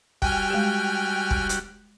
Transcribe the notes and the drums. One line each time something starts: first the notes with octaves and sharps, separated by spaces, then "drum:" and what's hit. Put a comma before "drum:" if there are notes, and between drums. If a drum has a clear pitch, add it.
G3 F#4 G5 G#5 F6, drum: kick
G#3 G4
drum: kick
drum: hi-hat